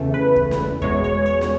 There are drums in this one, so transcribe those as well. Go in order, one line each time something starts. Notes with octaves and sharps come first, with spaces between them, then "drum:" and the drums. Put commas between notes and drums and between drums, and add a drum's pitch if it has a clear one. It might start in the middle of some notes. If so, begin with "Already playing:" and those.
Already playing: E2 C#3 E3 A3
B4
drum: kick
drum: snare
E2 B2 G#3 C#5, drum: kick
C#5
C#5
drum: snare